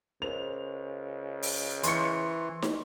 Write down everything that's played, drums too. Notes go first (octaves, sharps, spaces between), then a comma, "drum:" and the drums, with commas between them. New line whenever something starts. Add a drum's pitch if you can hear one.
C#2 A#4 C5 F7
drum: open hi-hat
E3 C6 C#6 C#7, drum: hi-hat
drum: snare